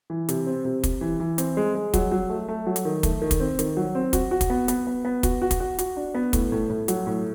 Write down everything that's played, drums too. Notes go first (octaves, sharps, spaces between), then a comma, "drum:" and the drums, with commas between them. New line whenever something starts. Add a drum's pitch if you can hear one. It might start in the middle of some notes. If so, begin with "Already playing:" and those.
E3
C3, drum: hi-hat
C4
C3
C3, drum: kick, hi-hat
E3
E3
C4, drum: hi-hat
G#3
G#3
F#3, drum: kick, hi-hat
F#3
A3
A3
F#3
drum: hi-hat
D#3
A3, drum: kick, hi-hat
D#3
drum: kick, hi-hat
C4
D#3, drum: hi-hat
F#3
C4
F#4, drum: kick, hi-hat
F#4
drum: kick, hi-hat
B3
B3, drum: hi-hat
B3
B3
F#4, drum: kick, hi-hat
F#4
drum: kick, hi-hat
F#4
F#4, drum: hi-hat
D4
B3
A2, drum: kick, hi-hat
A2
A2
F#3, drum: hi-hat
A2